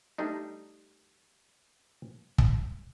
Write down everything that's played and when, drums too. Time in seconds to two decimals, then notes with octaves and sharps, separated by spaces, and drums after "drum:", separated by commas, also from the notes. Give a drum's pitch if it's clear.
0.18 G3 A3 D4 D#4
2.38 drum: kick